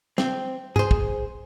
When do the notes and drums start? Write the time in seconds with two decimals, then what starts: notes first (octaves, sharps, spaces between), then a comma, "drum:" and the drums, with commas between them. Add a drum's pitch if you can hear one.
0.18 C4, drum: snare
0.76 G#4 C5, drum: tom G2
0.91 drum: kick